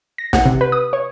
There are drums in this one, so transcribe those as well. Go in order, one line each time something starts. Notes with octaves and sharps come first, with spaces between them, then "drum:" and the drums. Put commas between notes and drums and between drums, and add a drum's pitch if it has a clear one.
A#6
F#5, drum: snare
C3
B4
D#6
C#5